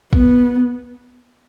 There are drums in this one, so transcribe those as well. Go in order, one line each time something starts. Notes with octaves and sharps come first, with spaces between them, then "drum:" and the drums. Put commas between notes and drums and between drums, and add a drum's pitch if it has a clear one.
B3, drum: kick